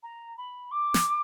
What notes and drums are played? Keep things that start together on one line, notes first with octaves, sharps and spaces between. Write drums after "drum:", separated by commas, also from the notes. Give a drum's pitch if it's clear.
A#5
B5
D6
drum: snare